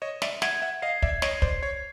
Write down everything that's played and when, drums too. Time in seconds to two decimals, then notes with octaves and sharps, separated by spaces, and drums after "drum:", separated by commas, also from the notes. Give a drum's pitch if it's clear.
0.02 C#5 D#5 E7
0.22 D5 E5, drum: snare
0.42 E5 F#5 G#6, drum: snare
0.62 E5 F#5
0.82 D#5 F5 C7
1.02 D5 E5, drum: kick
1.22 C#5 D#5 G#6, drum: snare
1.42 C5 D5, drum: kick
1.62 C#5 G#6